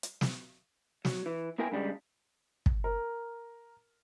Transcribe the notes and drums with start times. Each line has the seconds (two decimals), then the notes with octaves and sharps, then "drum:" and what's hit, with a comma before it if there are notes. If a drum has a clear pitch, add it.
0.03 drum: hi-hat
0.21 drum: snare
1.05 F#3, drum: snare
1.26 E3
1.58 B3 E4 A#4 G5 G#5
1.72 G2 C#3 G3 G#3
2.66 drum: kick
2.84 A#4